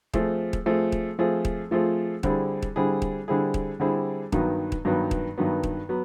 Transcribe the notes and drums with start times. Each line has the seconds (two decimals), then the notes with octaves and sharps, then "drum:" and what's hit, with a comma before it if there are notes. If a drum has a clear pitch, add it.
0.13 F3 A3 C4 F4 G#4, drum: kick D#1
0.53 drum: kick D#1
0.66 F3 A3 C4 F4 G#4
0.92 drum: kick D#1
1.19 F3 A3 C4 F4 G#4
1.45 drum: kick D#1
1.71 F3 A3 C4 F4 G#4
2.23 D3 G3 C4 E4 G#4, drum: kick D#1
2.62 drum: kick D#1
2.76 D3 G3 C4 E4 G#4
3.02 drum: kick D#1
3.28 D3 G3 C4 E4 G#4
3.54 drum: kick D#1
3.80 D3 G3 C4 E4 G#4
4.32 G2 D#3 F#3 B3, drum: kick D#1
4.72 drum: kick D#1
4.85 G2 D#3 F#3 B3
5.11 drum: kick D#1
5.38 G2 D#3 F#3 B3
5.63 drum: kick D#1
5.89 F#3 B3